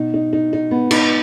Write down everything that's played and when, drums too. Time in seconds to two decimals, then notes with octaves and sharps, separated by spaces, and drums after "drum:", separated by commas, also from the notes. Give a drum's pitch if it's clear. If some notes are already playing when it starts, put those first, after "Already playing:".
Already playing: B2 D#4
0.14 D#4
0.33 D#4
0.53 D#4
0.71 B3
0.91 D#4, drum: cymbal